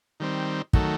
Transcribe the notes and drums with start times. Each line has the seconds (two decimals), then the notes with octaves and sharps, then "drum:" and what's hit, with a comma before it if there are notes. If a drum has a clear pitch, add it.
0.20 D#3 G3 C4
0.73 D#3 F#3 A3, drum: kick